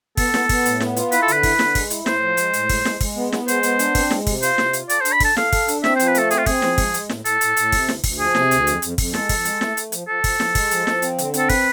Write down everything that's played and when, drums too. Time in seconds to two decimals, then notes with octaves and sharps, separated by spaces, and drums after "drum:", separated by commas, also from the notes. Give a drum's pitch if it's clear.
0.17 B3 A4, drum: kick, open hi-hat
0.34 B3, drum: snare
0.49 B3, drum: kick, open hi-hat
0.65 A2, drum: hi-hat
0.80 B3, drum: snare
0.96 F4, drum: hi-hat
1.12 E4 B4, drum: hi-hat
1.22 A4
1.28 D3 B4, drum: hi-hat
1.43 E4, drum: kick, open hi-hat
1.59 D3, drum: snare
1.75 G#3, drum: kick, open hi-hat
1.90 E4, drum: hi-hat
2.06 A2 C5, drum: snare
2.22 F3
2.37 G#3, drum: hi-hat
2.53 A2, drum: hi-hat
2.69 G#3, drum: kick, open hi-hat
2.85 G#3, drum: snare
3.01 G#3, drum: kick, open hi-hat
3.16 B3
3.32 B3, drum: snare
3.48 G#3 C5, drum: hi-hat
3.63 B3, drum: hi-hat
3.79 D4, drum: hi-hat
3.95 C4, drum: kick, open hi-hat
4.11 G#3, drum: snare
4.27 C3, drum: kick, open hi-hat
4.42 F4 C5, drum: hi-hat
4.58 C3, drum: snare
4.73 F4, drum: hi-hat
4.89 A4 D5, drum: hi-hat
5.01 C5
5.05 D4, drum: hi-hat
5.12 B5
5.20 A4 A5, drum: kick, open hi-hat
5.37 A4 F5, drum: snare
5.53 A4, drum: kick, open hi-hat
5.68 D4, drum: hi-hat
5.84 C4 E5, drum: snare
5.96 C5
5.99 F3, drum: hi-hat
6.07 B4
6.15 A3 A4, drum: hi-hat
6.31 C4 G#4, drum: hi-hat
6.39 F4
6.46 C4 G#4, drum: kick, open hi-hat
6.62 F3, drum: snare
6.78 G#3, drum: kick, open hi-hat
6.94 G#3, drum: hi-hat
7.09 A2, drum: snare
7.25 A2 A4, drum: hi-hat
7.41 A2, drum: hi-hat
7.57 A2, drum: hi-hat
7.72 C3, drum: kick, open hi-hat
7.88 D2, drum: snare
8.04 D2, drum: kick, open hi-hat
8.20 F3 G#4
8.35 C3, drum: snare
8.51 D2, drum: hi-hat
8.67 F2, drum: hi-hat
8.82 F2, drum: hi-hat
8.98 F2, drum: kick, open hi-hat
9.14 G#3 A4, drum: snare
9.29 F2, drum: kick, open hi-hat
9.45 G#3, drum: hi-hat
9.61 A3, drum: snare
9.77 A3, drum: hi-hat
9.92 F3, drum: hi-hat
10.08 F3 A4
10.24 F3, drum: kick, open hi-hat
10.40 F3, drum: snare
10.55 G#3, drum: kick, open hi-hat
10.71 F3, drum: hi-hat
10.87 F3, drum: snare
11.02 C4, drum: hi-hat
11.18 D3, drum: hi-hat
11.34 C4 A4, drum: hi-hat
11.50 B4, drum: kick, open hi-hat